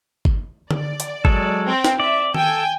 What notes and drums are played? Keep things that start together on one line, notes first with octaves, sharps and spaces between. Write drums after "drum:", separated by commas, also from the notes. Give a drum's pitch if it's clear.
drum: kick
D5, drum: tom D3
drum: hi-hat
F#3 G#3 A4, drum: kick
C4 G5
drum: snare
D5 E5
A4 G5 G#5, drum: tom D#3